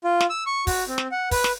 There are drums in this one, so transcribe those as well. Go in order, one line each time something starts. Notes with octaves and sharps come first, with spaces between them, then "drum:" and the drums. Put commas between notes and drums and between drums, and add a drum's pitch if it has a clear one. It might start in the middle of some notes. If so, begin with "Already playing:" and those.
F4
drum: snare
E6
C#6
F#4, drum: kick, open hi-hat
C4
drum: snare
F#5
B4, drum: kick, open hi-hat
drum: snare